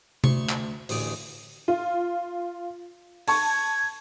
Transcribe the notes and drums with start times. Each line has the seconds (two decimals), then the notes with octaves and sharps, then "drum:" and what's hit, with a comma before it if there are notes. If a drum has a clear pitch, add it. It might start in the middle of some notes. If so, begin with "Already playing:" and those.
0.24 D2 C6 C#6, drum: tom C3
0.49 drum: clap
0.89 A1 D2 G#4 D5, drum: open hi-hat
1.68 F4
3.28 A5 C#6 G#6, drum: open hi-hat